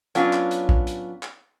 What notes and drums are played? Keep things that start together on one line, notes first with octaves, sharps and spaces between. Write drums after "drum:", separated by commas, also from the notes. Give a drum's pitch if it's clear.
F#3 B3 C#4 D4 F4, drum: hi-hat
drum: clap
drum: hi-hat
drum: kick A#1
drum: hi-hat
drum: clap